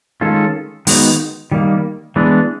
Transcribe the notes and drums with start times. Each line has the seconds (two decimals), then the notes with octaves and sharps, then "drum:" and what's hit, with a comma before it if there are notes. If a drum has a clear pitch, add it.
0.21 D#3 G#3 C#4 F4 A4
0.87 D#3 G#3 B3 D#4 F#4, drum: open hi-hat
1.51 D#3 G3 A#3
2.16 E3 G#3 B3 D4